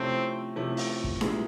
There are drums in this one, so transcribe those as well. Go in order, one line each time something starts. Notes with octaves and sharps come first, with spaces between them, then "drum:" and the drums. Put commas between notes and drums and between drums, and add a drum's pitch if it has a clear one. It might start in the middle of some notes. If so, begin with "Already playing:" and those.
Already playing: C3 F3 A3 C4 C#4 E4
C3 F3 A3 C#4 E4
drum: open hi-hat
drum: kick
A#2 G3 B3 E4 G#4, drum: snare D4